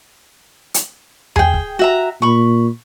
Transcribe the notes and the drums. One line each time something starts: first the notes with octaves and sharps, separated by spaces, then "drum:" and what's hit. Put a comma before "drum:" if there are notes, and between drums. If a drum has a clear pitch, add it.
drum: hi-hat
G#4 G5, drum: tom E2
drum: kick
F#4 E5 A#5
A#2 B5 C#6